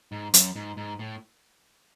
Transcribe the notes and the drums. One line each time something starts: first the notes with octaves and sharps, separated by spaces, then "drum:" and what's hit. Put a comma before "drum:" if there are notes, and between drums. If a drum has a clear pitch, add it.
G#2
F#2, drum: hi-hat
G#2
G#2
A2